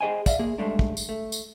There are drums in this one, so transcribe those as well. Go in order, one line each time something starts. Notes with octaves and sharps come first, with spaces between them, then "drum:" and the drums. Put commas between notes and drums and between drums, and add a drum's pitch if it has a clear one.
G#4 A4 C5 D#5 G5 G#5
D5 E5 F5, drum: kick, tambourine
A#3 G#4
G2 G#3 A3 D4
drum: kick
drum: tambourine
A3
drum: tambourine